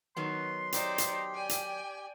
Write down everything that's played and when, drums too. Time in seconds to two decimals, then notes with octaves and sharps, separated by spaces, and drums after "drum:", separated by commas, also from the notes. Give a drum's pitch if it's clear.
0.17 D#3 F#3 B3 C6
0.72 D#4 G4 C5 D5, drum: hi-hat
0.98 drum: hi-hat
1.32 D5 G5 G#5
1.49 drum: hi-hat